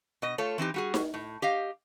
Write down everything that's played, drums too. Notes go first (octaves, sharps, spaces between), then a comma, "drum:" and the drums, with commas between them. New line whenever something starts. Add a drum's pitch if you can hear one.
B2 D#5
A3 F4 A4 C#5
E3 C4 D#4 G4
G3 F#4 G#4
drum: snare D#4
A2
G4 D#5 F5